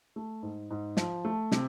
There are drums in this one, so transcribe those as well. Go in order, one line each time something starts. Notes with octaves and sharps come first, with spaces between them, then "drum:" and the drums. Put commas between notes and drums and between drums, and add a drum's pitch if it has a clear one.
A3
G#2
G#2
F3, drum: snare
A3
C3, drum: snare